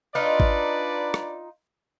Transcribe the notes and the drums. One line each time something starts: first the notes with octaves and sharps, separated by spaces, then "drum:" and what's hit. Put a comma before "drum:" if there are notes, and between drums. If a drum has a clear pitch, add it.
D4 D#4 F4 B4 D5
drum: kick G#1
drum: rim click